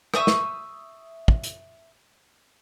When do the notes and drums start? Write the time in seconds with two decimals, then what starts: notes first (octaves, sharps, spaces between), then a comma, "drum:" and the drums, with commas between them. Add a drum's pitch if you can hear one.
0.14 E5 C#6 D#6 G6, drum: rim click
0.27 drum: snare
1.28 drum: kick
1.44 drum: hi-hat